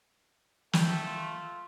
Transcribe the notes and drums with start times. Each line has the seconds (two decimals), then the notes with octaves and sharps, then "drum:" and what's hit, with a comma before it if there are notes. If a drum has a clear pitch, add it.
0.73 A3 G5, drum: snare
1.05 F4